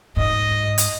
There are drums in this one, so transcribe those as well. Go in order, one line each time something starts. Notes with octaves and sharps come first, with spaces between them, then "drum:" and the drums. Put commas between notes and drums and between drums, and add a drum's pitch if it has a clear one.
G#2 D#5
drum: hi-hat